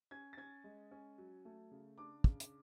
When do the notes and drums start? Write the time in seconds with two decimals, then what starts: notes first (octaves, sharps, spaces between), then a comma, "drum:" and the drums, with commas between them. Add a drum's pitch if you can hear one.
0.11 C#4 G#6
0.33 A6
0.37 C#4 G#6
0.64 G#3
0.91 C#4
1.18 F#3
1.45 A3
1.71 C#3
1.98 D4 D6
2.24 C#3, drum: kick
2.40 drum: hi-hat